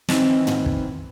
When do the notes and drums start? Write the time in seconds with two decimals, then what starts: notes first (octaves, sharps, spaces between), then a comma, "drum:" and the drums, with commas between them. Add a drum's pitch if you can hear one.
0.09 D#3 E3 C4, drum: snare
0.47 drum: tom
0.66 drum: kick